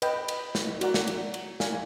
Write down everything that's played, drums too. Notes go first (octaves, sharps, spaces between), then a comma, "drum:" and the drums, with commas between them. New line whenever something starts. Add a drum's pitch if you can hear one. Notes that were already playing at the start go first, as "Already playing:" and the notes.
B4 D#5 G5, drum: cymbal
drum: cymbal
drum: snare
F#4 A#4 D5 F#5 A#5, drum: cymbal
drum: snare
drum: cymbal
drum: cymbal
A#4 D5 F5 G#5, drum: snare